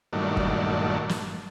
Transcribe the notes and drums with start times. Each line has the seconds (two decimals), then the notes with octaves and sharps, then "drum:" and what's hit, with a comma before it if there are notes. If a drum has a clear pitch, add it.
0.13 G2 A#2 D#3 F#3 A3 D4
0.37 drum: kick G1
1.09 drum: snare